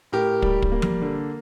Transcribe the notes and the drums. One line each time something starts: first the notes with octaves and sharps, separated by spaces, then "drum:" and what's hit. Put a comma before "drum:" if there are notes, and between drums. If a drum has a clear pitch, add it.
A2 G4 A#4
G3, drum: kick
drum: kick
A#3
drum: tom F3
D3